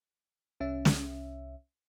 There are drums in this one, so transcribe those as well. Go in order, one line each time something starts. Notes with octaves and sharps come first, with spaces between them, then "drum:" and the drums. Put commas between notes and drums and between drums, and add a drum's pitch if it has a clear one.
C2 C#4 E5
drum: snare